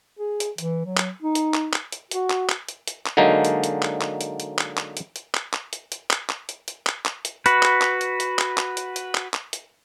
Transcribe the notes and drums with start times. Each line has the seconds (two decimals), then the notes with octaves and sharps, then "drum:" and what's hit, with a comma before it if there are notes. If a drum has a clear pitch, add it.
0.19 G#4
0.40 drum: hi-hat
0.58 E3, drum: hi-hat
0.85 F#3
0.97 drum: clap
1.22 D#4
1.35 drum: hi-hat
1.54 drum: clap
1.73 drum: clap
1.92 drum: hi-hat
2.11 F#4, drum: hi-hat
2.30 drum: clap
2.49 drum: clap
2.68 drum: hi-hat
2.88 drum: hi-hat
3.07 drum: clap
3.17 D3 F#3 G#3 A#3 D#4
3.45 drum: hi-hat
3.64 drum: hi-hat
3.83 drum: clap
4.02 drum: clap
4.21 drum: hi-hat
4.40 drum: hi-hat
4.59 drum: clap
4.78 drum: clap
4.97 drum: hi-hat
5.16 drum: hi-hat
5.35 drum: clap
5.54 drum: clap
5.73 drum: hi-hat
5.92 drum: hi-hat
6.11 drum: clap
6.30 drum: clap
6.49 drum: hi-hat
6.68 drum: hi-hat
6.87 drum: clap
7.06 drum: clap
7.25 drum: hi-hat
7.46 F#4 B4, drum: hi-hat
7.63 drum: clap
7.82 drum: clap
8.01 drum: hi-hat
8.20 drum: hi-hat
8.39 drum: clap
8.58 drum: clap
8.77 drum: hi-hat
8.96 drum: hi-hat
9.15 drum: clap
9.34 drum: clap
9.53 drum: hi-hat